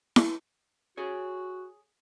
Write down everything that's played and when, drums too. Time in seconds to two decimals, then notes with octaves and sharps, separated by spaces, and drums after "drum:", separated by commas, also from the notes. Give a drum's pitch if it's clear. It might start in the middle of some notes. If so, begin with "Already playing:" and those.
0.16 drum: snare E4
0.97 F#4 G#4 C#5